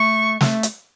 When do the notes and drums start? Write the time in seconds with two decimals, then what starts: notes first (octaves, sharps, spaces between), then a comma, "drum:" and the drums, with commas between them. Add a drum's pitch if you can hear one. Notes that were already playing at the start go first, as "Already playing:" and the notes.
Already playing: A3 C#6
0.41 A3, drum: snare
0.63 drum: hi-hat